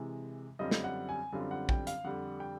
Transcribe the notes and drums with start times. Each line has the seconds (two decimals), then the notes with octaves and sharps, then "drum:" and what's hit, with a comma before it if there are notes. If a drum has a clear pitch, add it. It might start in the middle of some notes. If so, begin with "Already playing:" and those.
Already playing: C3 E3 G#3
0.59 F#2 D3 G3 C4 F4 D#5
0.71 drum: snare
0.84 F#5
1.09 G#5
1.32 F#2 D3 G3 C4 F4
1.51 F#5
1.69 G5, drum: kick
1.87 F5, drum: hi-hat
2.04 F2 D3 G3 F#5
2.40 G5